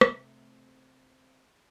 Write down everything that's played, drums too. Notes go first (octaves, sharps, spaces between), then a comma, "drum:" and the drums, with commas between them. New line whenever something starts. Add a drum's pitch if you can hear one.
C3 A3, drum: rim click